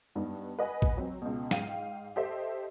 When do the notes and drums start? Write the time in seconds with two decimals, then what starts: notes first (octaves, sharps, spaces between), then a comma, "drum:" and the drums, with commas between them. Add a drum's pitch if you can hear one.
0.15 G2 B3 D#4
0.59 B4 D#5 F#5 G#5
0.82 drum: kick A1
0.97 F#3 C4
1.22 C#2 B2
1.51 G#2 F5 G5 D#7, drum: snare
2.16 G4 A4 C5 D#5 E5